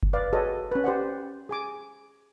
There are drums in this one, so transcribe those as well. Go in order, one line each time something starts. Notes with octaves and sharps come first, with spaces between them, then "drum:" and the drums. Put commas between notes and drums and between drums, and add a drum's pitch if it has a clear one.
drum: kick F#1
B4 D5 F5
F#4 G#4 A4 B4 C#5 D#5
C#4 B4
G4 C5 D5 F#5
G#4 G#5 D6